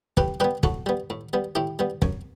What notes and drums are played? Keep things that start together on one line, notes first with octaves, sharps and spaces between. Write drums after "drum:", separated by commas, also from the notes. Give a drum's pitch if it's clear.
A2 G4 B4, drum: kick
G3 B3 G4 B4
A2 F#4 A4, drum: kick
G3 B3
A2
G3 B3
A2 E4 G4
G3 B3
F#2, drum: kick